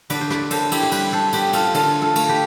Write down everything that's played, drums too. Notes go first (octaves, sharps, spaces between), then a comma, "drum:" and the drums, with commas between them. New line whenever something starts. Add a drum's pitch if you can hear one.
D3 B4 D5, drum: cymbal
C5
B4 D5, drum: rim click
D3 A4 C5, drum: cymbal
E4 G4, drum: cymbal
C5
G3 G4 B4, drum: cymbal
A4 C5
B3 G4 B4, drum: cymbal
F4 A4, drum: cymbal
D3 F4 A4, drum: cymbal
F4 A4
A3, drum: cymbal
G4 B4